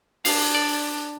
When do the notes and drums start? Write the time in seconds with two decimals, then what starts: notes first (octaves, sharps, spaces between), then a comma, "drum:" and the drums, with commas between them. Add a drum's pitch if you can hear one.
0.25 D4 F5, drum: open hi-hat
0.55 D5